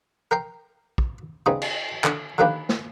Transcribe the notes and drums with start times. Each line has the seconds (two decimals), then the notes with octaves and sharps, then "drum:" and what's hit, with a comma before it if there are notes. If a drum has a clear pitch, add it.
0.31 A#4 G5 A#5 C6
0.98 drum: kick
1.46 C#3 G3 B3 C4 D#4 G#4
1.62 drum: cymbal
2.04 D3, drum: clap
2.38 D3 D#3 F3 A#3 G4 B4
2.69 drum: snare